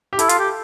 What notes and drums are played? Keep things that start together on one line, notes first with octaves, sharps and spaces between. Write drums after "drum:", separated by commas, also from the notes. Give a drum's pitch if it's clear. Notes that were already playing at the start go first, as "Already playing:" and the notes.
G4
E4 A4, drum: hi-hat
F4, drum: hi-hat
G4